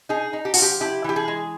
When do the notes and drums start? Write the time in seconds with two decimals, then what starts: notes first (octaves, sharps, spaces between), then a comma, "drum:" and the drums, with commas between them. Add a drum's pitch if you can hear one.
0.09 D#4 G#4
0.33 D#4
0.45 G4
0.54 F3 F#4, drum: open hi-hat
0.62 G4
0.81 E4 G4
1.04 E3 G4
1.16 G#4
1.28 G#3